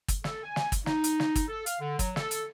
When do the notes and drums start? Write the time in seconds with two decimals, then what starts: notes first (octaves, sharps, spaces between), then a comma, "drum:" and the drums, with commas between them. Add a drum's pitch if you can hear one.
0.08 drum: kick, hi-hat
0.24 A4, drum: snare
0.44 G#5
0.56 drum: snare
0.72 drum: kick, hi-hat
0.86 D#4, drum: snare
1.04 drum: hi-hat
1.20 drum: snare
1.35 drum: kick, hi-hat
1.48 A4
1.66 F5, drum: hi-hat
1.80 D3
1.99 F#3, drum: kick, hi-hat
2.16 A4, drum: snare
2.31 drum: hi-hat